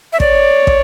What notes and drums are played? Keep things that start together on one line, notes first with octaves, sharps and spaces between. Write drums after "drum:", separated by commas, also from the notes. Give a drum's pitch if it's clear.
E5
C#5 D5, drum: kick
drum: kick